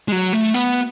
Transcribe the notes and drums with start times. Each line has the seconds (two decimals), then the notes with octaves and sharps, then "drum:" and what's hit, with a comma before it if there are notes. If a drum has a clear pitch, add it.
0.08 G#3
0.12 F#3
0.33 A3
0.54 B3, drum: hi-hat